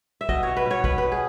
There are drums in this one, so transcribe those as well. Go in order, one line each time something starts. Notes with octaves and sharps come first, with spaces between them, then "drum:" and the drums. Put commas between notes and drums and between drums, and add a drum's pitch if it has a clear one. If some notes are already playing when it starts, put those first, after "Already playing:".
E5
B2 D#5, drum: kick
B2 C#5
B4
B2 C#5
B2 B4, drum: kick
B2 B4
G#4